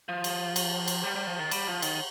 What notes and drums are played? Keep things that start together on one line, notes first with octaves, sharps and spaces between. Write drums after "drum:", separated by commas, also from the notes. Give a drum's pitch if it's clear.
F3
drum: cymbal
drum: cymbal
drum: cymbal
G3
G3
F3
D#3
G3, drum: cymbal
F3
D#3, drum: cymbal